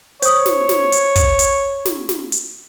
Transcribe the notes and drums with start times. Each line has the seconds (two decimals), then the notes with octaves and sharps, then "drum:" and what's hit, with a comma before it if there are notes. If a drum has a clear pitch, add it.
0.22 C5 C#5 D#6, drum: hi-hat
0.46 drum: snare
0.69 drum: snare
0.92 drum: hi-hat
1.16 drum: kick, hi-hat
1.39 drum: hi-hat
1.85 drum: snare
2.09 drum: snare
2.32 drum: hi-hat